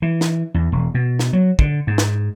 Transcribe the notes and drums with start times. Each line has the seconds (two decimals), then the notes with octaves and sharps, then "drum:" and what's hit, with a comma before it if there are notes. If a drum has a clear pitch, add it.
0.02 E3
0.21 drum: snare
0.54 E2
0.72 E1
0.95 B2
1.19 drum: snare
1.33 F#3
1.59 D3, drum: kick
1.87 G#2
1.98 drum: snare